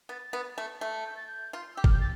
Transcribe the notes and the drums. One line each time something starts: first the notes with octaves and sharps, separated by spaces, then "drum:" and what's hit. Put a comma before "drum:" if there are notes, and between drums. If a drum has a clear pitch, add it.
B3 A6
B3
A3
A3
G6
A6
G6
F4
G4 E6
F6, drum: kick G1
G6
A6